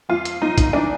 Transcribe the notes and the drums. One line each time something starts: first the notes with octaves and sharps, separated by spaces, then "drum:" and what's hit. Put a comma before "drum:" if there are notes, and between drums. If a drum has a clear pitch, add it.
F2 F4
drum: hi-hat
G1 D#4
drum: kick, hi-hat
E3 D4